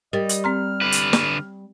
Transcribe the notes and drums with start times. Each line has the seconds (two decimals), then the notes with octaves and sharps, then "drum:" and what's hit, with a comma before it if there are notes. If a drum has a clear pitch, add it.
0.13 G3 A#4 D#5
0.29 drum: hi-hat
0.44 C4 A#5 C6 F6
0.82 D3 B4
0.92 drum: hi-hat
1.13 drum: snare